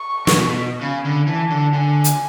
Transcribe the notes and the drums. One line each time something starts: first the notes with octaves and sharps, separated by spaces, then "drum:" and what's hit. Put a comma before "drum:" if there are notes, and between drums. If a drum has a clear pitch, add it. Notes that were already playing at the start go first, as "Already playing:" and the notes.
Already playing: C#6
A2, drum: snare
B2
C#3 B5
D3
E3 A5
D3
D3 G#5
drum: hi-hat